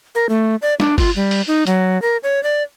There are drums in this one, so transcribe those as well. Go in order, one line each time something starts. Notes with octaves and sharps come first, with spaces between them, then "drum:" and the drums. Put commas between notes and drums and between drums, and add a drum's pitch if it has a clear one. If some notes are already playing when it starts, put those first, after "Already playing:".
A#4
A3
D5
D4, drum: snare
F4, drum: kick G1, open hi-hat
G3
drum: open hi-hat
D#4
F#3, drum: hi-hat
A#4
C#5
D5